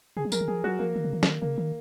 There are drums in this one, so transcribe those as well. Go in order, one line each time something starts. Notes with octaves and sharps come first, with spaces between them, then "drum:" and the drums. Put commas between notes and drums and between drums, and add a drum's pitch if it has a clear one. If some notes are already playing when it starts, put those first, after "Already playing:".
C#3 G#4
F#3
F3 A#4, drum: tambourine
D#3
F3 G#4
F#3 F#4
F3 A#3
D#3
C#3
D#3
drum: snare
C#3 A#3
D#3